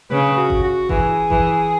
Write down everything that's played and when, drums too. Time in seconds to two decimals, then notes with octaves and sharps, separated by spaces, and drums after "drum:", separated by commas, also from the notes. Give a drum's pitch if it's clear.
0.10 C#3 B4
0.37 F#4
0.50 drum: kick G1
0.64 F#4
0.89 E3 G#4, drum: kick G1
1.30 E3, drum: kick G1